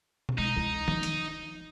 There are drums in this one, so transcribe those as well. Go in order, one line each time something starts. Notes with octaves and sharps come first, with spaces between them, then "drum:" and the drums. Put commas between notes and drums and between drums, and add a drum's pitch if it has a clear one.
drum: tom B2
G#3 D#4
C#2
F3, drum: tom D#3
drum: hi-hat